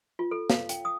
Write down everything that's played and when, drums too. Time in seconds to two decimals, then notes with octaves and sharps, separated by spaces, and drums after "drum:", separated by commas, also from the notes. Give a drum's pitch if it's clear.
0.19 F4
0.31 A4
0.50 F5, drum: snare
0.69 G5, drum: hi-hat
0.85 D#6